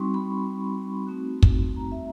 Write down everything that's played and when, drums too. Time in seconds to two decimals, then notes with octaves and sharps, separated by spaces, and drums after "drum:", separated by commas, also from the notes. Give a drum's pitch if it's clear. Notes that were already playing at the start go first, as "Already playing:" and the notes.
Already playing: G3 C4 D#4 F#4 C6 C#6
0.14 B5
1.07 A3 C4 D#4 F#4
1.43 drum: kick
1.76 A#5
1.92 E5